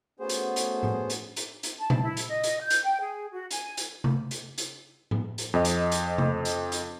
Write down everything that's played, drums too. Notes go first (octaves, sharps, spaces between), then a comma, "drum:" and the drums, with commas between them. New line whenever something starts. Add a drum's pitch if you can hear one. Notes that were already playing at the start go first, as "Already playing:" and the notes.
A3 B3 C#4 F#4 G#4 C5
drum: hi-hat
drum: hi-hat
drum: tom A2
drum: hi-hat
drum: hi-hat
drum: hi-hat
A5
drum: tom A#2
E4
drum: hi-hat
D#5
drum: hi-hat
G6
drum: hi-hat
G5
G#4
F#4
G#5, drum: hi-hat
drum: hi-hat
drum: tom C3
drum: hi-hat
drum: hi-hat
drum: tom A2
drum: hi-hat
F2 D#5
drum: hi-hat
drum: hi-hat
drum: tom C3
drum: hi-hat
drum: hi-hat